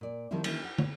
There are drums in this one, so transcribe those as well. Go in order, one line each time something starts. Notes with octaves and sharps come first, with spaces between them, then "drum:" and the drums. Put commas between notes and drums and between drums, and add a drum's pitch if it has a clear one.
A#2 D5
D#3 F3 G3 C4 E4
D#3 E3 A#3 C#4 E4, drum: cymbal
F#5
C#5, drum: tom